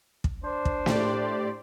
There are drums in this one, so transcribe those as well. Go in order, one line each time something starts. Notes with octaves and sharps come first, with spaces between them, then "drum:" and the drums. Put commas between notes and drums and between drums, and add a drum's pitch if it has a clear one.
drum: kick
D4 C5
drum: kick
A2 G4 D5, drum: snare